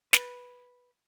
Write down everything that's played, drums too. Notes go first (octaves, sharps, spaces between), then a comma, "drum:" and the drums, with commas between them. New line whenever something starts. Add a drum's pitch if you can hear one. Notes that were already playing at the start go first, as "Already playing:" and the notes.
B4, drum: snare